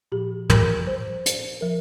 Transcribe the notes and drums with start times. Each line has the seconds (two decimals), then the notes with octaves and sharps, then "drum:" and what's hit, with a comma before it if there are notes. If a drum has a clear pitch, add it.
0.12 A#2 F3 G4
0.50 A#4, drum: tom
0.87 C5
1.26 drum: hi-hat
1.61 F3 A#4